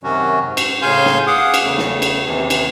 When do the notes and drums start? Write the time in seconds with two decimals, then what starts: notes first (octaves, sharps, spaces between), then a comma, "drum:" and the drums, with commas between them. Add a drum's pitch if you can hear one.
0.03 F#2 C3 D#3 F#3 C#4 F#4
0.44 G#2
0.57 drum: cymbal
0.82 A2 C#3 F5 G#5 C6 G6
1.05 drum: snare
1.27 G#4 F5 F#5 D6 D#6
1.54 drum: cymbal
1.63 E2 C#3 A3
1.78 drum: snare
2.02 drum: cymbal
2.26 D#2 C3 E3
2.50 drum: cymbal